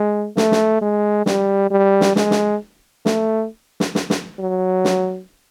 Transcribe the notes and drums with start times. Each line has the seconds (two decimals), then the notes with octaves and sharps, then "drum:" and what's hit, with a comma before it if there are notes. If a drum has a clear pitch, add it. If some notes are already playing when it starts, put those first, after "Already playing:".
Already playing: G#3
0.37 A3, drum: snare
0.52 drum: snare
0.82 G#3
1.26 G3, drum: snare
1.71 G3
2.01 drum: snare
2.16 G#3, drum: snare
2.31 drum: snare
3.05 A3, drum: snare
3.80 drum: snare
3.95 drum: snare
4.10 drum: snare
4.40 F#3
4.84 drum: snare